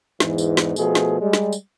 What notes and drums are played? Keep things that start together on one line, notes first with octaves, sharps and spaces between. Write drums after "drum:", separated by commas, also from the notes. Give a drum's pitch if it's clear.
E2 G#2 E3, drum: snare
drum: tambourine
drum: snare
B2 F3 A3 G#4, drum: tambourine
drum: snare
G3 G#3
drum: snare
drum: tambourine